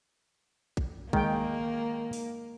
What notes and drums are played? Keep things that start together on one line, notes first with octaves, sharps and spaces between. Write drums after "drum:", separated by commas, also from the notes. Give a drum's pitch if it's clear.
drum: kick
D#3 G#3 A#3 G5, drum: kick
drum: open hi-hat